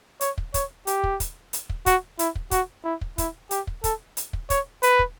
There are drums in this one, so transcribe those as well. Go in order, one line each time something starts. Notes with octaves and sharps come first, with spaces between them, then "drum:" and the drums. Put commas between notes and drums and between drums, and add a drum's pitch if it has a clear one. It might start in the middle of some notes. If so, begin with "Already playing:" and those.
C#5, drum: hi-hat
drum: kick
C#5, drum: kick, hi-hat
G4, drum: hi-hat
drum: kick
drum: kick, hi-hat
drum: hi-hat
drum: kick
F#4, drum: kick, hi-hat
E4, drum: hi-hat
drum: kick
F#4, drum: kick, hi-hat
E4
drum: kick
E4, drum: kick, hi-hat
G4, drum: hi-hat
drum: kick
A4, drum: kick, hi-hat
drum: hi-hat
drum: kick
C#5, drum: kick, hi-hat
B4, drum: hi-hat
drum: kick